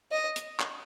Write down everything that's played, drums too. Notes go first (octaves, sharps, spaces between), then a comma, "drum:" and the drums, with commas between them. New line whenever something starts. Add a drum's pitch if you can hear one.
D#5
drum: hi-hat
drum: clap